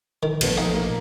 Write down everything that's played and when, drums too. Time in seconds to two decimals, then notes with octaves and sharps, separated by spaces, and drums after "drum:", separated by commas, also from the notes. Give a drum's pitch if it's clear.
0.23 D#3
0.41 A#1 A3 B3 C5, drum: cymbal
0.57 A3 D#4 D#5 F5 G#5
0.74 A#3